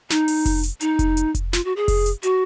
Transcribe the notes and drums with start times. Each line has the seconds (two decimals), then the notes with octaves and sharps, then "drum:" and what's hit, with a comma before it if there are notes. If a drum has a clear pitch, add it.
0.10 D#4, drum: snare
0.28 drum: open hi-hat
0.46 drum: kick F1, open hi-hat
0.63 drum: hi-hat
0.81 D#4, drum: hi-hat
0.99 drum: kick F1, hi-hat
1.17 drum: hi-hat
1.35 drum: kick F1, hi-hat
1.53 F4, drum: snare
1.65 F#4
1.76 G#4
1.88 drum: kick F1, open hi-hat
2.06 drum: hi-hat
2.23 F#4, drum: hi-hat